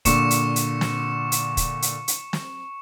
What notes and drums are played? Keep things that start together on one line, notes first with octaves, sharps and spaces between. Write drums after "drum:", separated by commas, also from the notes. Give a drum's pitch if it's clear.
A#2 D3 C#6 C#7 E7, drum: kick, hi-hat
drum: hi-hat
drum: hi-hat
drum: snare
drum: hi-hat
drum: kick, hi-hat
drum: hi-hat
drum: hi-hat
drum: snare